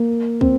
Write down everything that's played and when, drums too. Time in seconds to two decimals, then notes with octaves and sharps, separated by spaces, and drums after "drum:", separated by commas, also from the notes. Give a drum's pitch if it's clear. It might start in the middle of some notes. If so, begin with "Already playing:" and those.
Already playing: A#3
0.41 C4, drum: kick